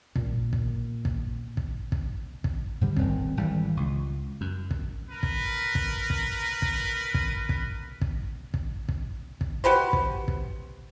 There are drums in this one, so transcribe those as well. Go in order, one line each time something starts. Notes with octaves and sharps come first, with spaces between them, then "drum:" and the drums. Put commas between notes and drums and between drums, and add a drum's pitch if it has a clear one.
A#2 A#3, drum: kick
drum: kick
drum: kick
drum: kick
drum: kick
drum: kick
G#2 D3 G3
D#1 C4, drum: kick
G#1 E3 G3
C#2
F#2
drum: kick
A#4 B4
drum: kick
drum: kick
drum: kick
drum: kick
drum: kick
drum: kick
drum: kick
drum: kick
drum: kick
drum: kick
F#4 G4 B4 C5
drum: kick
drum: kick